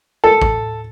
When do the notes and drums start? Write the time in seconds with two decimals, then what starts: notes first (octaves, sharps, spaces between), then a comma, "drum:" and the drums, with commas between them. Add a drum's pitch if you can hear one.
0.24 A4
0.42 drum: kick